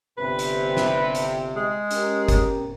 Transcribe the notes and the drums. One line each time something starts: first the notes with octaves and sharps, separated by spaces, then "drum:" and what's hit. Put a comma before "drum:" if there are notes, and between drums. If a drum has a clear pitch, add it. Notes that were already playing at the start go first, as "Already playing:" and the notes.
G1 C3 B4
drum: hi-hat
drum: snare
drum: hi-hat
G#3
C#4 G4 A#4, drum: hi-hat
drum: kick, hi-hat